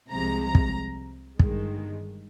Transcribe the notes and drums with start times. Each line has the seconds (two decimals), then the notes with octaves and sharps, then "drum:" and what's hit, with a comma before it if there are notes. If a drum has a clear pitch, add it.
0.11 C2 C3 F3 G#3 A#5
0.44 A#5
0.55 drum: kick
1.39 G1 G2 D#3 G#3, drum: kick